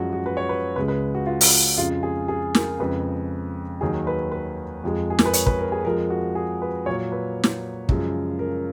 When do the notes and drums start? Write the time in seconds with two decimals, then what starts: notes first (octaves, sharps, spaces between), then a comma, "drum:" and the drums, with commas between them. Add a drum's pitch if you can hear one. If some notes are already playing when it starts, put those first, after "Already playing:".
Already playing: F#2 F3 G#3 F#4
0.13 F#4
0.26 B4
0.37 C#5
0.49 B4
0.76 C#2 C#3 G#3 B4
0.88 B4
1.15 F#4
1.26 F4
1.41 drum: open hi-hat
1.77 F2 C#3 G#3 F4
2.03 G#4
2.28 G#4
2.55 A#4, drum: snare
2.80 F2 C#3 G#3 B4
3.81 D#2 D#3 F#3 G#4
4.07 B4
4.32 B4
4.84 F2 F3 G#3
5.10 G#4
5.19 A#4, drum: snare
5.26 B4
5.33 C#5, drum: hi-hat
5.47 B4, drum: kick
5.59 A#4
5.72 G#4
5.85 F2 F3 G#3 A#4
6.10 F#4
6.35 G#4
6.62 B4
6.86 A#2 F#3 C#5
7.12 B4
7.43 drum: snare
7.89 F#2 C#3 F3 G#3, drum: kick
8.39 A#4